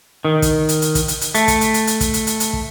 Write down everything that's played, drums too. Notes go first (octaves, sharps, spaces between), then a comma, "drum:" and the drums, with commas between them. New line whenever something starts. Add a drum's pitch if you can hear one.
D#3
drum: kick, hi-hat
drum: hi-hat
drum: hi-hat
drum: kick, hi-hat
drum: hi-hat
drum: hi-hat
A3, drum: hi-hat
drum: kick, hi-hat
drum: hi-hat
drum: hi-hat
drum: hi-hat
drum: kick, hi-hat
drum: hi-hat
drum: hi-hat
drum: hi-hat
drum: kick